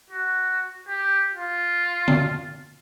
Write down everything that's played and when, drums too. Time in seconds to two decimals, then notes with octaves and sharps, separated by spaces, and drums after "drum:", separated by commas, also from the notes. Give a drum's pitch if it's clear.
0.10 F#4
0.88 G4
1.35 F4
2.08 drum: tom D3